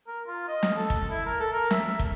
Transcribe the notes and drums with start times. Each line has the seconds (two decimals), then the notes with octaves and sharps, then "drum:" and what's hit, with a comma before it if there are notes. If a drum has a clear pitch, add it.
0.07 A#4
0.27 F4
0.48 D#5
0.63 drum: snare
0.76 A4
0.90 drum: kick
1.10 E4
1.26 A#4
1.40 A4
1.53 A#4
1.71 E5, drum: snare
1.99 drum: kick